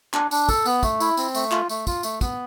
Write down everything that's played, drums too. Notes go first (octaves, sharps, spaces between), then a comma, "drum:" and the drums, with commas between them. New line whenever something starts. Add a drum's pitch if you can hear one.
D4, drum: clap
D4, drum: tambourine
A4, drum: kick, tambourine
B3, drum: tambourine
A3, drum: kick, tambourine
E4, drum: tambourine
C4, drum: tambourine
A3, drum: tambourine
F4, drum: clap
A3, drum: tambourine
F4, drum: kick, tambourine
A3, drum: tambourine
B3, drum: kick, tambourine